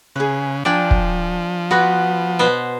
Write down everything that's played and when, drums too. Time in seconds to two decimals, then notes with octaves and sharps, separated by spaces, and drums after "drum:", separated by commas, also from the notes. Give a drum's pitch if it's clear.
0.16 C#3 G#4 B4
0.65 F3 D4 D5 G5 G#5
0.91 drum: kick
1.71 B3 F#4 B4 C6
2.39 B2 B3 C5